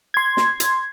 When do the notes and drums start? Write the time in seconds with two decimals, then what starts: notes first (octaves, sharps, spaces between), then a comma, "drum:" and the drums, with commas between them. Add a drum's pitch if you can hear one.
0.14 C6 G#6
0.37 drum: snare
0.60 drum: hi-hat